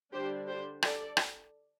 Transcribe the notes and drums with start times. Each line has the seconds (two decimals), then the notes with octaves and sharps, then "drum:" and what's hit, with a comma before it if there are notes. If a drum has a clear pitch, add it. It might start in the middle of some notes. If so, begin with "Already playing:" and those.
0.13 D3 G3 D4 G4 C5
0.48 G4 C5
0.82 A4 D5, drum: rim click
1.17 drum: rim click